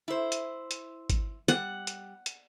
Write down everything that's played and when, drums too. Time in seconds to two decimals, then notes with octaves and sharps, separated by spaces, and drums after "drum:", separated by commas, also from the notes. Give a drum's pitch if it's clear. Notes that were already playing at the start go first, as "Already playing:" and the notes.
0.08 E4 C5
0.32 drum: hi-hat
0.71 drum: hi-hat
1.10 drum: kick G#1, hi-hat
1.48 G3 F#5, drum: hi-hat
1.87 drum: hi-hat
2.26 drum: hi-hat